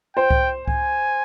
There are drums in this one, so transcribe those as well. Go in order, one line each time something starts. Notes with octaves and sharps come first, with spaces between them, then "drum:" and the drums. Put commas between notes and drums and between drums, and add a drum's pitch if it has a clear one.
C5 G5
drum: kick C2
G#5, drum: kick C2